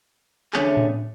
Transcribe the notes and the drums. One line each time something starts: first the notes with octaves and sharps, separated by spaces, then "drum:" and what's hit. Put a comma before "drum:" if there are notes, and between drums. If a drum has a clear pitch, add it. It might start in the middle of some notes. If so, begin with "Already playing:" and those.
E2 D3 A3 C#4 G#4, drum: clap
drum: tom A2